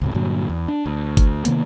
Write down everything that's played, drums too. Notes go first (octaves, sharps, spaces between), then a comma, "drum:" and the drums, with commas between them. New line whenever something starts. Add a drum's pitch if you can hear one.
C#2 G#2 C3
G2 A#2 D3 F#3
E2
D4
D2
drum: kick G1, hi-hat
C3 D#3 A#3 B3, drum: hi-hat